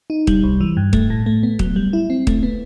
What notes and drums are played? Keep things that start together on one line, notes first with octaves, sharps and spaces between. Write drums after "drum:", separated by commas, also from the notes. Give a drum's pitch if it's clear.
D#4
G3, drum: kick
C2
E3
G2
A3, drum: kick
A2
A3
B3
F#3, drum: kick
G3
E4
C4
A3, drum: kick
B3